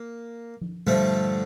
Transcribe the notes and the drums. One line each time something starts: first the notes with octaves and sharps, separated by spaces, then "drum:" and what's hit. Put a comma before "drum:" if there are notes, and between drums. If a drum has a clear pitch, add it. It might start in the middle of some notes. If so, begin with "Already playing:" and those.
Already playing: A#3
drum: tom F3
G2 D3 F3 A3, drum: tom A#2